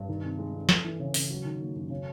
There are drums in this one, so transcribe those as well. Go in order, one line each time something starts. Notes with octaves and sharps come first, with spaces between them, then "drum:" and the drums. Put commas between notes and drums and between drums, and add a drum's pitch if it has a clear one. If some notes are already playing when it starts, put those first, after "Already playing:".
Already playing: G2
D#3
C3
G#3
F2
A3, drum: snare
E3
C#3
C#3, drum: open hi-hat
F#3
D#3
A#3
F#2
C#3